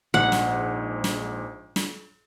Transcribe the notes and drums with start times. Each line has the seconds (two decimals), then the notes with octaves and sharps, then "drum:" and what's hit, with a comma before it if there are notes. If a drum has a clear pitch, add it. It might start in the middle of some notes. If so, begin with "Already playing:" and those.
0.14 A#1 G#2 F#5
0.32 drum: snare
1.04 drum: snare
1.76 drum: snare